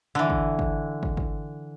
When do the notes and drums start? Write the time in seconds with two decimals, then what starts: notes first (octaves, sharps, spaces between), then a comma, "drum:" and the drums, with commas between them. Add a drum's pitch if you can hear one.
0.15 D3 E3
0.30 drum: kick
0.59 drum: kick
1.03 drum: kick
1.17 drum: kick